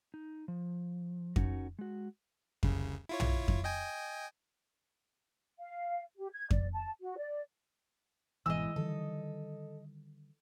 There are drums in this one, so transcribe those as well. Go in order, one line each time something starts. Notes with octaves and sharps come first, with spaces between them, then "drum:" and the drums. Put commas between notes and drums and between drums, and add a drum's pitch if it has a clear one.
D#4
F3
C#4 D#4 F#4 A#4, drum: kick F2
G#3 F#4
C2 C#3, drum: kick F2
E4 F4 C#5
drum: tom
drum: kick F2
D#5 G5 G#5
F5
G4
G#6
D5, drum: kick F2
A5
F#4
D5
G#1 B2 E3 G#3 D#5 E6
D3 D#3 G3 A4